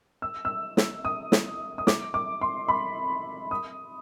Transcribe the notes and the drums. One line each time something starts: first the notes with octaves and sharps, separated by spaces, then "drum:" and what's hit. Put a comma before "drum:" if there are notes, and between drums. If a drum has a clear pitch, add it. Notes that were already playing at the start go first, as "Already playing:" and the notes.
E6
E6
drum: snare
D#6
drum: snare
D#6
D6, drum: snare
D6
C6
B5
D#6